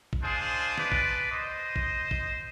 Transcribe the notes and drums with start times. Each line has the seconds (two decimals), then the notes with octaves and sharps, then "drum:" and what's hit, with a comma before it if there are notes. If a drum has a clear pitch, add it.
0.13 drum: kick
0.23 G#3 D4 F4 G#4 C5
0.78 B4 D5, drum: snare
0.92 drum: kick
1.31 C5 D#5
1.76 drum: kick
2.11 drum: kick